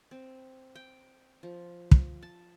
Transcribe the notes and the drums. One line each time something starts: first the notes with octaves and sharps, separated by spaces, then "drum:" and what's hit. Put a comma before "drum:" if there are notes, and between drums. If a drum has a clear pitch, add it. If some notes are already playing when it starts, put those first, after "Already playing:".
C4
G5
F3
drum: kick
A5